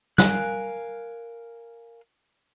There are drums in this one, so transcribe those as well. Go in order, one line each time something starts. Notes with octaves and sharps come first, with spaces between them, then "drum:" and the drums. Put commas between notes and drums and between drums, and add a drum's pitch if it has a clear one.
A#4 F5 G#5 F#6, drum: snare